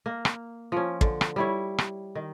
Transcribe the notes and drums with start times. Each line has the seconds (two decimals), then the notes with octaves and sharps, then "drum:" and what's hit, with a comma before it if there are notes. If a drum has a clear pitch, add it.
0.06 A#3
0.25 drum: rim click
0.72 F3 C#4
1.01 D3, drum: kick
1.21 drum: rim click
1.36 G3 E4 C#5
1.78 drum: rim click
2.15 D#3